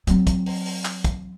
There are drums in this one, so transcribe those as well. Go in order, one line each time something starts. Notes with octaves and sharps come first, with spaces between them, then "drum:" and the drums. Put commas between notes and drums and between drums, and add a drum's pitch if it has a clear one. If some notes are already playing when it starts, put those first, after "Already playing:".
F#3 C4, drum: hi-hat
drum: kick, hi-hat
drum: open hi-hat
drum: open hi-hat
drum: clap
drum: kick, hi-hat